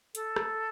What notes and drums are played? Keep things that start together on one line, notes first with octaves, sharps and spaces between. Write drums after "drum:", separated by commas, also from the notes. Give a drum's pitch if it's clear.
A4, drum: hi-hat
drum: rim click